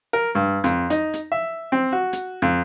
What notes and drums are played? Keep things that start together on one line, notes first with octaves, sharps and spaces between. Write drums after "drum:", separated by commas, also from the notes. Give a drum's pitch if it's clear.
A#4
G2
F2, drum: hi-hat
D#4, drum: hi-hat
drum: hi-hat
E5
C4
F#4
drum: hi-hat
F2